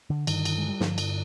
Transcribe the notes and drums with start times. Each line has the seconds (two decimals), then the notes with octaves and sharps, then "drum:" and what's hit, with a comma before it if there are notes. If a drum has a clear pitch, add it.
0.10 D3
0.27 G2 D3 D#3, drum: cymbal
0.45 drum: cymbal
0.58 G#3
0.69 G3
0.80 G2 D3 F3, drum: snare
0.98 drum: cymbal